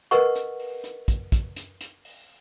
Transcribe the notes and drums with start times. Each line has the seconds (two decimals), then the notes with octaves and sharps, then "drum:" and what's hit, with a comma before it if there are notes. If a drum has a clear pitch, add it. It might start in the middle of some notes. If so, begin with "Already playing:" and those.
0.11 A#4 B4 D#5 F#5 C#6, drum: hi-hat
0.35 drum: hi-hat
0.60 drum: open hi-hat
0.84 drum: hi-hat
1.08 drum: kick, hi-hat
1.32 drum: kick, hi-hat
1.56 drum: hi-hat
1.81 drum: hi-hat
2.05 drum: open hi-hat